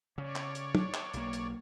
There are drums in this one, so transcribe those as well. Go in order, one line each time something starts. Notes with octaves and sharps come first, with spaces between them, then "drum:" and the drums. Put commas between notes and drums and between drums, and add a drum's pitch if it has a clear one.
C#3 C#5 D5
drum: clap
drum: hi-hat
drum: tom
drum: clap
B1 A#3, drum: hi-hat
drum: hi-hat